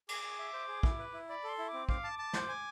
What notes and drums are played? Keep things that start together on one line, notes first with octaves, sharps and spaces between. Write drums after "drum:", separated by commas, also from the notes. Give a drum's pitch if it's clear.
G#4 D6, drum: cymbal
G#4
E5
C5
G#4
E4, drum: kick
B4
E4
D5 B5
A4 C6
E4
C4 D6
F5 D6, drum: kick
A5
A5
C5, drum: snare
G#5